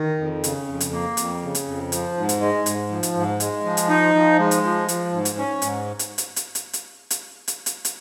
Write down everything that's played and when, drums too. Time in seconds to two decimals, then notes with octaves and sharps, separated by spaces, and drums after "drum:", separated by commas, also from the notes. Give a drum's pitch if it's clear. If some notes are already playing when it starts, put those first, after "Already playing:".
Already playing: D#3
0.18 F2
0.44 C#3, drum: hi-hat
0.68 F2
0.80 drum: hi-hat
0.93 A#3
1.17 F2, drum: hi-hat
1.42 C#3
1.55 drum: hi-hat
1.67 F2
1.92 F3, drum: hi-hat
2.17 G#2
2.29 drum: hi-hat
2.41 G#3
2.66 G#2, drum: hi-hat
2.90 F3
3.03 drum: hi-hat
3.15 G#2
3.40 G#3, drum: hi-hat
3.65 F3
3.77 drum: hi-hat
3.89 D#4
4.15 F3
4.39 G#3
4.51 drum: hi-hat
4.63 F3
4.88 F3, drum: hi-hat
5.13 G#2
5.25 drum: hi-hat
5.37 C#4
5.62 G#2, drum: hi-hat
5.99 drum: hi-hat
6.18 drum: hi-hat
6.36 drum: hi-hat
6.55 drum: hi-hat
6.73 drum: hi-hat
7.10 drum: hi-hat
7.48 drum: hi-hat
7.66 drum: hi-hat
7.85 drum: hi-hat